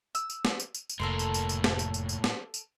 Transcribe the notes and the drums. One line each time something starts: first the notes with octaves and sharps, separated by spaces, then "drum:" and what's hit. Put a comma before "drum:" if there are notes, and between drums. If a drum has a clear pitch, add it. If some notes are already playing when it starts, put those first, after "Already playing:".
E6, drum: tambourine
drum: tambourine
drum: snare
drum: tambourine
drum: tambourine
drum: tambourine
F1 A2 A#3 A4 A#4 C6
drum: tambourine
drum: tambourine
drum: tambourine
drum: snare
drum: tambourine
drum: tambourine
drum: tambourine
drum: snare
drum: tambourine